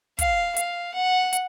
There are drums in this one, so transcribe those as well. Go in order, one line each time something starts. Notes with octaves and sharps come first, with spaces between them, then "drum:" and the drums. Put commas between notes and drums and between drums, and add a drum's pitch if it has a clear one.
F5, drum: kick, hi-hat
F5, drum: hi-hat
F#5
drum: hi-hat